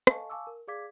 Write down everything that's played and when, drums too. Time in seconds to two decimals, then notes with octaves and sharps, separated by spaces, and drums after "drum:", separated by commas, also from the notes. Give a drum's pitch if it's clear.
0.07 A4 D#5 F5 G#5 A5 C#6, drum: rim click
0.30 F5 G#5 A5 C#6 D6 E6
0.47 A#4
0.68 G#4 D5 F5 D6 G#6 B6